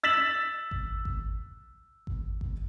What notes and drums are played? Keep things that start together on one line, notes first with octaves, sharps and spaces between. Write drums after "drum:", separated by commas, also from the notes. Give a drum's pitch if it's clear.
E6 A6 B6 E7 F#7
drum: kick G#1
drum: kick G#1
drum: kick G#1
drum: kick G#1